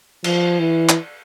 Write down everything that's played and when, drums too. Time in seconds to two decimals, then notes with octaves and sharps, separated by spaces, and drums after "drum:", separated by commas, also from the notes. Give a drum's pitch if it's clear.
0.24 F3, drum: cymbal
0.60 E3
0.89 drum: clap